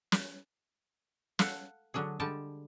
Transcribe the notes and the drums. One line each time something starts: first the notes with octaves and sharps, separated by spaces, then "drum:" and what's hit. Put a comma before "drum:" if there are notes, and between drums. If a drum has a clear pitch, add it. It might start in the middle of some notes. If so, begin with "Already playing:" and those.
drum: snare
A4 F5 F#5, drum: snare
D3 F#3 D4 G#4
D3 G3 G#3 G5 A5